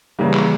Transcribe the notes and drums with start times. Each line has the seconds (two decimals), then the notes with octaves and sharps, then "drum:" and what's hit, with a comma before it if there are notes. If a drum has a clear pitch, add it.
0.19 C#3 E3 G3 A#3
0.34 drum: clap